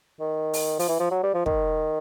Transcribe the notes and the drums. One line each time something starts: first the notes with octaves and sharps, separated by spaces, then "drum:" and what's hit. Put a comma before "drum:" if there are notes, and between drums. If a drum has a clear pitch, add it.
D#3
drum: open hi-hat
F3, drum: open hi-hat
E3
F3
F#3
G3
F3
D#3, drum: kick